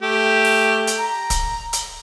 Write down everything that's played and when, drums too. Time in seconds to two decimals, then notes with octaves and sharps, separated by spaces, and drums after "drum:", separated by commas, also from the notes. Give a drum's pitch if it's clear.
0.02 A3 G4
0.45 drum: open hi-hat
0.87 drum: hi-hat
0.98 A#5
1.30 drum: kick, hi-hat
1.73 drum: hi-hat